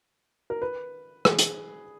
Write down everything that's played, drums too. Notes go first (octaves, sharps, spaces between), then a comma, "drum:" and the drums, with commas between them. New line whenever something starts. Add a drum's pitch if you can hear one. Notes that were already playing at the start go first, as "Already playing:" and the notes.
A#4
B4
G#4, drum: rim click
drum: hi-hat